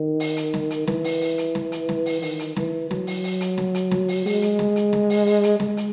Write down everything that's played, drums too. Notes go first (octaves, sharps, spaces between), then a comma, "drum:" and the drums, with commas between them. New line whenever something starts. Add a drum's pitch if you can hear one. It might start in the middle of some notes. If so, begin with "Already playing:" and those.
Already playing: D#3
drum: open hi-hat
drum: hi-hat
drum: snare
drum: hi-hat
E3, drum: snare
drum: open hi-hat
drum: open hi-hat
drum: hi-hat
drum: snare
drum: hi-hat
drum: snare
drum: open hi-hat
D#3, drum: open hi-hat
drum: hi-hat
E3, drum: snare
F#3, drum: snare
drum: open hi-hat
drum: open hi-hat
drum: hi-hat
drum: snare
drum: hi-hat
drum: snare
drum: open hi-hat
G#3, drum: open hi-hat
drum: hi-hat
drum: snare
drum: hi-hat
drum: snare
drum: open hi-hat
drum: open hi-hat
drum: hi-hat
G#3, drum: snare
drum: hi-hat